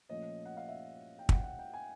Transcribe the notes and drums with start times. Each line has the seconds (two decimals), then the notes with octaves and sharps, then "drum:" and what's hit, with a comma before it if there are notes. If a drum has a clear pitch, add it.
0.09 A#2 F3 A3 C#4 D#5
0.45 F#5
0.57 F5
0.68 E5
1.19 G5
1.29 F#5, drum: kick
1.44 F#5
1.59 G5
1.74 G#5